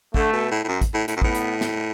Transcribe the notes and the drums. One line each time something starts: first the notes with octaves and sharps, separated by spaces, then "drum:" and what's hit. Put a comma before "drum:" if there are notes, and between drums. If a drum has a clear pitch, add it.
D3 A3, drum: kick
B2
A2
A2
F#2
drum: kick, hi-hat
A2
A2, drum: hi-hat
F#2
A2 B3, drum: kick
drum: hi-hat
drum: snare